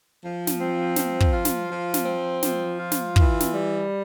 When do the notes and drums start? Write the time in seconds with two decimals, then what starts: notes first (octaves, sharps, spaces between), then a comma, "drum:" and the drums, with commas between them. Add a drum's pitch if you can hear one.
0.23 F3
0.47 drum: snare
0.59 C4
0.96 F3, drum: snare
1.20 drum: kick
1.32 F4
1.45 drum: snare
1.69 F3
1.94 drum: snare
2.05 C4
2.42 F3, drum: snare
2.79 F4
2.92 drum: snare
3.16 E3, drum: kick
3.40 drum: snare
3.52 G3